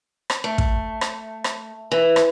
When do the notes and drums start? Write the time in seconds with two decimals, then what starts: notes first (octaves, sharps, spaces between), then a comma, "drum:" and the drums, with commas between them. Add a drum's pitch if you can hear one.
0.30 drum: rim click
0.44 A3
0.58 drum: kick
1.01 drum: rim click
1.44 drum: rim click
1.91 E3
2.16 drum: rim click